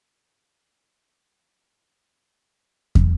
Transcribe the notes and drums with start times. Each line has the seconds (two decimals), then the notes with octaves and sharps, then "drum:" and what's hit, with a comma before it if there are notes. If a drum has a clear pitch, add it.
0.20 A2
0.34 A2
0.47 A#2
0.62 B2
0.76 C3
0.90 C#3
1.04 D3
1.18 D#3
1.25 F#3
1.31 F3
1.46 G#3
1.60 G#3
1.74 C4
1.87 B3
2.02 A#3
2.30 F#3
2.95 drum: kick